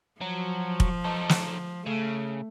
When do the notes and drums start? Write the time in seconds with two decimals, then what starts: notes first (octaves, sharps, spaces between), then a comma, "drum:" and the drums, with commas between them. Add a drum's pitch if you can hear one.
0.21 F3 F#3
0.80 drum: kick
1.05 D#4 A4
1.29 drum: snare
1.86 C#3 A3